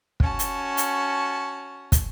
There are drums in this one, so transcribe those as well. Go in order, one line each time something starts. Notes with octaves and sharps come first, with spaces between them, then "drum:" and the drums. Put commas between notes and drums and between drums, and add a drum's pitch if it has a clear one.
C#4 F#4 A5, drum: kick
drum: hi-hat
drum: hi-hat
drum: kick, hi-hat